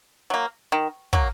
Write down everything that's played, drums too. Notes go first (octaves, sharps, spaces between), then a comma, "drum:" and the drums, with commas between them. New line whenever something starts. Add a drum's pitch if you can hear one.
F#3 A#3
D#3
F#3 A#3, drum: kick